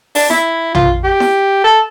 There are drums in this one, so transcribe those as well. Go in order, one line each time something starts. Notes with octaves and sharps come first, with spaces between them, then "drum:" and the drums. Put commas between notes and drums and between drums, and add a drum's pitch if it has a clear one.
D4, drum: open hi-hat
E4, drum: snare E4
F4, drum: tom
G4
drum: snare E4
A4